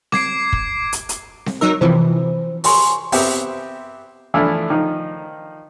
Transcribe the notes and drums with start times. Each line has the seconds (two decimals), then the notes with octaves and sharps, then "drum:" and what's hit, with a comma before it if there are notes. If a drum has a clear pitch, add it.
0.12 D6 G#6 C7 D7, drum: snare C4
0.53 drum: kick
0.93 drum: hi-hat
1.09 drum: hi-hat
1.46 drum: snare C4
1.61 F#3 D#4 A#4 E6
1.81 C3 E3 F3 C5
2.64 G#5 C6 C#6, drum: open hi-hat
3.12 B3 C4 G4 E5, drum: open hi-hat
4.34 E3 F3 A3 D4 E4
4.70 D#3 F3 D#4